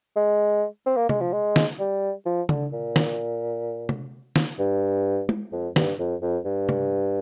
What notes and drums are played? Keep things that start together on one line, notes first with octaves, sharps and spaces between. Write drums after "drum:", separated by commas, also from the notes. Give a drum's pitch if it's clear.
G#3
C4
A#3
G#3, drum: tom C3
F3
G#3
drum: snare
G3
F3
D3, drum: tom C#3
A#2
drum: snare
drum: tom C3
drum: snare
G2
drum: tom G#3
F2
G2, drum: snare
F2
F2
G2
drum: tom C3